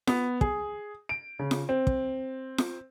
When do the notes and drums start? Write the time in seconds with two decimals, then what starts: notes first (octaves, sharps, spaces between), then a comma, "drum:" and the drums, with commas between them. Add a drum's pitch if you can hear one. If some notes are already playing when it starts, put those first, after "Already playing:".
0.07 B3, drum: snare F4
0.41 G#4, drum: kick
1.09 D7
1.39 C#3
1.51 drum: snare F4
1.69 C4
1.87 drum: kick
2.58 drum: snare F4